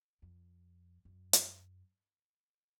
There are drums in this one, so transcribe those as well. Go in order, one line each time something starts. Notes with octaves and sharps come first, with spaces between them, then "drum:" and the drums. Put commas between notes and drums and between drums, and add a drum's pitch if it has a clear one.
F2
F#2
drum: hi-hat